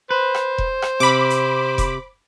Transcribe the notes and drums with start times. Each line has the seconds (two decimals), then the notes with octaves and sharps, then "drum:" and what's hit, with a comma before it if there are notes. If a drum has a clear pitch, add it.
0.11 B4 C5
0.34 drum: rim click
0.58 drum: kick E1
0.82 drum: rim click
1.00 C3 B5 D6
1.30 drum: hi-hat
1.78 drum: kick E1, hi-hat